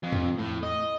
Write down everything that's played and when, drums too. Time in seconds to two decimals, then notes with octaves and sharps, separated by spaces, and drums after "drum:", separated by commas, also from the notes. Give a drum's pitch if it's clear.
0.03 F2
0.12 drum: tom E2
0.38 A2
0.63 D#5